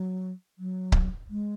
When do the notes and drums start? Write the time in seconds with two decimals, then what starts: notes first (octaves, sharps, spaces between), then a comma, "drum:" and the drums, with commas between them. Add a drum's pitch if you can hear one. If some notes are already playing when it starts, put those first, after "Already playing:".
Already playing: F#3
0.58 F#3
0.92 drum: kick C#1
1.30 G#3